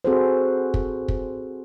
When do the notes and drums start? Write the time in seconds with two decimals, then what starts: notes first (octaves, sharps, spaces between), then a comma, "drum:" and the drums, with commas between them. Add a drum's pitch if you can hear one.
0.05 C4 F#4 G#4 A4 B4 C5
0.74 drum: kick
1.08 drum: kick